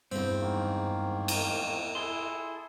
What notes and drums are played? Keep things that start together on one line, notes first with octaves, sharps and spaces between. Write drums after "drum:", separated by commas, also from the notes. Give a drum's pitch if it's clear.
E2 G2 C4 G6
G#2 D#3 A#3
drum: cymbal
E4 G#4 A4 C6